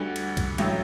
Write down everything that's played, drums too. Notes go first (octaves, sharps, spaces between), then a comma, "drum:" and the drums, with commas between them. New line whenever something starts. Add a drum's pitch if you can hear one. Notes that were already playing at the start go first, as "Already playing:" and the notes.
Already playing: D2 D3 G3 F#5
drum: cymbal
drum: kick, cymbal
A1 A2 F#3 G5, drum: cymbal